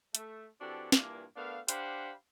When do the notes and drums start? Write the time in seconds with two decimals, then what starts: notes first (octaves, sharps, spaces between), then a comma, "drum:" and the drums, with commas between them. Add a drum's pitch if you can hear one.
0.15 A3, drum: hi-hat
0.61 E3 C4 D4 F#4 G4 A4
0.92 G2 A#2 E3 A#3 D4, drum: snare
1.36 A3 B3 D4 A#4 F5
1.68 D4 G4 C5 F5 F#5 B5, drum: hi-hat